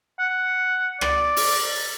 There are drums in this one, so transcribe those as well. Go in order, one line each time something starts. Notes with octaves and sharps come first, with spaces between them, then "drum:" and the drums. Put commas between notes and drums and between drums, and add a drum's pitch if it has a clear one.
F#5
D5, drum: rim click
drum: open hi-hat